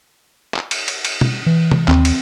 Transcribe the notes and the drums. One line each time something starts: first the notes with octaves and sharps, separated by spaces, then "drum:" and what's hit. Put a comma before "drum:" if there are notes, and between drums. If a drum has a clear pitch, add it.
drum: clap
drum: cymbal
drum: cymbal
drum: cymbal
drum: tom
E3
drum: tom C3
D#2 C4, drum: clap
drum: cymbal